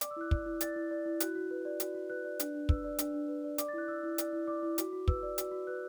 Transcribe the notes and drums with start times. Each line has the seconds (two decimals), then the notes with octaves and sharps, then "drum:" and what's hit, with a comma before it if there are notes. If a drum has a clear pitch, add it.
0.01 D5 D6, drum: hi-hat
0.11 E6
0.16 E4 F#6
0.31 D5, drum: kick
0.46 E4
0.61 D5 A6, drum: hi-hat
0.76 E4
0.91 D5
1.06 E4
1.20 F#4 F#6, drum: hi-hat
1.35 F#4
1.51 B4
1.65 D5
1.80 F#4, drum: hi-hat
1.95 F#4
2.10 B4 F#6
2.25 D5
2.40 D4, drum: hi-hat
2.54 D4
2.69 B4 E6, drum: kick
2.84 D5
2.99 D4, drum: hi-hat
3.14 D4
3.28 B4
3.44 D5
3.58 D5 D6, drum: hi-hat
3.68 A6
3.73 E4 F#6
3.88 D5 E6
4.03 E4
4.18 D5, drum: hi-hat
4.33 E4
4.47 D5 D6
4.63 E4
4.78 F#4, drum: hi-hat
4.93 F#4
5.08 B4 E6, drum: kick
5.23 D5
5.38 F#4, drum: hi-hat
5.51 F#4
5.67 B4 F#6